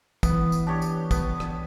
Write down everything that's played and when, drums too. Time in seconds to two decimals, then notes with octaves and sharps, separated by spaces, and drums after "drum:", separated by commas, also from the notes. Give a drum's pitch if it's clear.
0.23 E3 B3, drum: kick, tambourine
0.52 drum: tambourine
0.67 D4 G4 C#5
0.82 drum: tambourine
1.11 B3, drum: kick, tambourine
1.40 drum: rim click